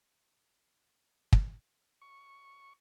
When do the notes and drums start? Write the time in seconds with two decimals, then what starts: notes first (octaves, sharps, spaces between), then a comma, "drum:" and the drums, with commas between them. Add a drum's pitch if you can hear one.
1.33 drum: kick
2.02 C#6